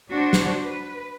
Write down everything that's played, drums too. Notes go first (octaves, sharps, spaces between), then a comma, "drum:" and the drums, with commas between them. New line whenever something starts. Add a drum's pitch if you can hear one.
D4 F#4 C5
drum: snare
B4